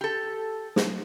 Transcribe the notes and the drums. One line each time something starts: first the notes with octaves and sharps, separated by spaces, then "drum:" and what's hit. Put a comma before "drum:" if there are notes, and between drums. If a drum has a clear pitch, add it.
G4 A4
drum: snare